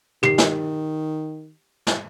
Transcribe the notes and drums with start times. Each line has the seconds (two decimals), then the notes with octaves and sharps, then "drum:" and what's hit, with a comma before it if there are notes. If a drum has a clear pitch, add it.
0.23 D#3 G4 C7, drum: tom
0.38 drum: snare
1.87 drum: snare